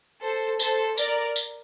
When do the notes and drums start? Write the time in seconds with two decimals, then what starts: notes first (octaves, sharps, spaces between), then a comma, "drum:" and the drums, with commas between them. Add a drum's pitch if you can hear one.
0.21 A4 C5
0.59 A4 C5, drum: tambourine
0.98 A#4 D5, drum: tambourine
1.36 drum: tambourine